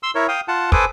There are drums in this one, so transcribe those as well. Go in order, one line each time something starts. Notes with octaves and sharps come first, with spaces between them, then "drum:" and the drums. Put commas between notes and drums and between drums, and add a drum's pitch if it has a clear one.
C6 E6
E4 A#4 C#5
F5 G5 D#6
F4 F#5 A5
A4 B4 C5 G#5 D6 D#6, drum: kick